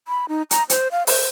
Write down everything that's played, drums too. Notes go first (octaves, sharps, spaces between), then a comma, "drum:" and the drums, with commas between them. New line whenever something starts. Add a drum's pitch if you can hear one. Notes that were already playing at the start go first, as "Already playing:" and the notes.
B5
D#4
A#5, drum: hi-hat
C5, drum: hi-hat
F5
C5, drum: open hi-hat